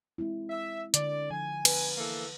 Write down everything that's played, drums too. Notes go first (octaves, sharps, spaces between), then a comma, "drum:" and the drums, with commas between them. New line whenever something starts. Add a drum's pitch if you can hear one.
G#3 C4 E4
E5
D3 D5, drum: hi-hat
F3 G#5
B4, drum: cymbal
E3 A#3 A4